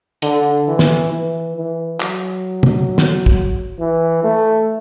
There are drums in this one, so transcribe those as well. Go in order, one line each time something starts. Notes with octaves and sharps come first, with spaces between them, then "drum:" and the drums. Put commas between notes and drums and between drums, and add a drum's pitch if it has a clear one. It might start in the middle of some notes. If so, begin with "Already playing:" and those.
D3, drum: hi-hat
E3
drum: snare
E3
E3
F#3, drum: clap
drum: tom
drum: snare
drum: kick
E3
A3